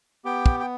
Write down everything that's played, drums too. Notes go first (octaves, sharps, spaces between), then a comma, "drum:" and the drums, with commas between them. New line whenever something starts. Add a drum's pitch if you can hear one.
B3 G4 G5
drum: kick
G5